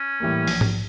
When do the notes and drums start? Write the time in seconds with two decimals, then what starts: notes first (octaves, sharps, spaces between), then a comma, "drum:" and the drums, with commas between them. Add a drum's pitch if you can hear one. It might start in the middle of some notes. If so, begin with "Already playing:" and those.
Already playing: C#4
0.20 A2 E3 G3 A#3
0.47 A#1, drum: open hi-hat
0.61 drum: tom G#2